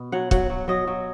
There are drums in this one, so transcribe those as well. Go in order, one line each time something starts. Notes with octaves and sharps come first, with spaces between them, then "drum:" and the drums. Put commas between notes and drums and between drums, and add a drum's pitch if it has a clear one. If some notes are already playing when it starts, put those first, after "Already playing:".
Already playing: B2
F#3 F#5
F#3 F#5, drum: kick
F#3
F#3 D#5
F#3